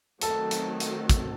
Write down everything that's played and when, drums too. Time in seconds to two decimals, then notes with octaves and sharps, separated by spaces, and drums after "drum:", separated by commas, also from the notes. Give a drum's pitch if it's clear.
0.21 D#3 F#3 A3 C4 A4, drum: hi-hat
0.51 drum: hi-hat
0.80 drum: hi-hat
1.10 drum: kick, hi-hat